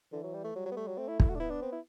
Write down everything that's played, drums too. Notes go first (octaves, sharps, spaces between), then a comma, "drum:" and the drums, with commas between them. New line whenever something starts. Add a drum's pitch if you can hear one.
D3 E3
F#3
G3
A3
F#3 G3
F#3
B3
A3
F#3
A3 C4
E4
E4, drum: kick
F#4
D4
B3 E4
D4
C4
E4